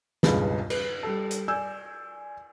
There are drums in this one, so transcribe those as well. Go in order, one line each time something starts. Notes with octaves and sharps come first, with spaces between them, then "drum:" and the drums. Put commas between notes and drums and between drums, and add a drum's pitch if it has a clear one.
E1 C#2 G2 G#3 B3, drum: snare
B4, drum: cymbal
G3 A4
drum: hi-hat
D5 G#5 E6 G6